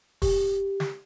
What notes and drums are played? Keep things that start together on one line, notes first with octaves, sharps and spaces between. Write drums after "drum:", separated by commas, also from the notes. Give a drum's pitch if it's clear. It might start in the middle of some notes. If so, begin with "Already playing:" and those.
G4, drum: kick, open hi-hat
drum: snare